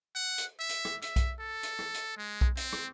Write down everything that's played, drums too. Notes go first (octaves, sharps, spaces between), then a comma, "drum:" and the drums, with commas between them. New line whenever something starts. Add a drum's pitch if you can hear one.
F#5
drum: hi-hat
E5
drum: hi-hat
drum: rim click
E5, drum: hi-hat
drum: kick B1, hi-hat
A4
drum: hi-hat
drum: rim click
drum: hi-hat
G#3
drum: kick B1
C4, drum: hi-hat
drum: rim click